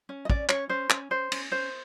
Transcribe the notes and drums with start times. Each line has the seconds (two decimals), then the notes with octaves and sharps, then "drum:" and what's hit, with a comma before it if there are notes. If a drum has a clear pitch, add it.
0.09 C#4
0.25 D#5
0.30 C#4 D5, drum: kick
0.49 C#4 C#5, drum: clap
0.69 C#4 C5
0.90 C#4, drum: clap
1.11 C#4 C5
1.32 C#4, drum: cymbal
1.52 C#4 C5